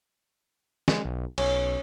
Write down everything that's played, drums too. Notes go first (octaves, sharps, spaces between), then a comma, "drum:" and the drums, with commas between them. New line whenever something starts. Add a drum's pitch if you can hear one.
G#3, drum: snare
B1
B1 C#4, drum: cymbal